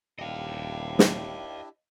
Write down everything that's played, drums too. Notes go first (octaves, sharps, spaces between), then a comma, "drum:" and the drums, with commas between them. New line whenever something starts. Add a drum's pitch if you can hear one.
D#1 D4 E4 G4 D#5 F5
drum: snare